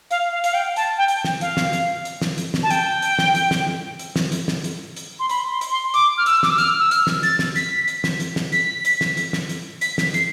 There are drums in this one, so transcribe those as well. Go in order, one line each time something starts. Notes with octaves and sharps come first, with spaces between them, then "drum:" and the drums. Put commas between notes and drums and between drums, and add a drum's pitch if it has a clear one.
F5, drum: hi-hat
F5
F5, drum: hi-hat
G5
A5, drum: hi-hat
G5
drum: hi-hat
drum: snare
F5, drum: hi-hat
drum: snare
drum: hi-hat
drum: hi-hat
drum: snare
drum: hi-hat
drum: snare
A5
G5, drum: hi-hat
drum: hi-hat
drum: snare
drum: hi-hat
drum: snare
drum: hi-hat
drum: snare
drum: hi-hat
drum: snare
drum: hi-hat
drum: hi-hat
C6
B5, drum: hi-hat
C6
drum: hi-hat
C6
D6, drum: hi-hat
F6
E6, drum: hi-hat
D6, drum: snare
E6
F6, drum: hi-hat
E6
F6, drum: hi-hat
drum: snare
A6, drum: hi-hat
drum: snare
B6, drum: hi-hat
drum: hi-hat
drum: snare
drum: hi-hat
drum: snare
B6, drum: hi-hat
drum: hi-hat
drum: snare
drum: hi-hat
drum: snare
drum: hi-hat
B6, drum: hi-hat
drum: snare
C7, drum: hi-hat